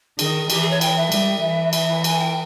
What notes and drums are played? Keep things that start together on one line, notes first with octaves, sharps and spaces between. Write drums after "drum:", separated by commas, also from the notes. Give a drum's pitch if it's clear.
D#3 G#4, drum: cymbal
E3 G4, drum: cymbal
G#4
C#5
G5, drum: cymbal
E5
G3, drum: cymbal
E3
E5, drum: cymbal
G#5, drum: cymbal
G5